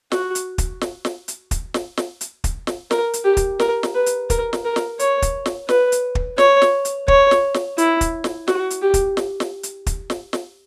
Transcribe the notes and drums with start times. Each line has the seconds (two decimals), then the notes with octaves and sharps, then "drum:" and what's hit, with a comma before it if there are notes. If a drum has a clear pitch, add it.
0.12 F#4, drum: snare
0.35 drum: hi-hat
0.58 drum: kick, hi-hat
0.81 drum: snare
1.05 drum: snare
1.28 drum: hi-hat
1.51 drum: kick, hi-hat
1.74 drum: snare
1.97 drum: snare
2.21 drum: hi-hat
2.44 drum: kick, hi-hat
2.67 drum: snare
2.91 A#4, drum: snare
3.13 drum: hi-hat
3.25 G4
3.37 drum: kick, hi-hat
3.60 A#4, drum: snare
3.83 drum: snare
3.95 B4
4.06 drum: hi-hat
4.30 A#4, drum: kick, hi-hat
4.53 drum: snare
4.65 A#4
4.76 drum: snare
4.99 C#5, drum: hi-hat
5.22 drum: kick, hi-hat
5.46 drum: snare
5.69 B4, drum: snare
5.92 drum: hi-hat
6.15 drum: kick
6.38 C#5, drum: snare
6.62 drum: snare
6.85 drum: hi-hat
7.08 C#5, drum: kick
7.31 drum: snare
7.54 drum: snare
7.78 E4, drum: hi-hat
8.01 drum: kick, hi-hat
8.24 drum: snare
8.48 F#4, drum: snare
8.70 drum: hi-hat
8.82 G4
8.94 drum: kick, hi-hat
9.17 drum: snare
9.40 drum: snare
9.63 drum: hi-hat
9.86 drum: kick, hi-hat
10.10 drum: snare
10.33 drum: snare